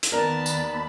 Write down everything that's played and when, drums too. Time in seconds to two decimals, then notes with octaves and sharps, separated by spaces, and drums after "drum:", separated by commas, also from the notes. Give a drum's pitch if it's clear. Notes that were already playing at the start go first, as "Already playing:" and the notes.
0.03 drum: hi-hat
0.12 D#2 B3 A#4 D5 A5 B5
0.46 drum: tambourine